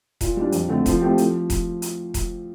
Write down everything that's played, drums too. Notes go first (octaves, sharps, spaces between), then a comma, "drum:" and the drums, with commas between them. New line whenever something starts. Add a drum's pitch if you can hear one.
A#2, drum: kick E1, hi-hat
G3 D4
F2, drum: hi-hat
D3 A3 C4
F3, drum: kick E1, hi-hat
A3 C4 G4
F3, drum: hi-hat
drum: kick E1, hi-hat
drum: hi-hat
drum: kick E1, hi-hat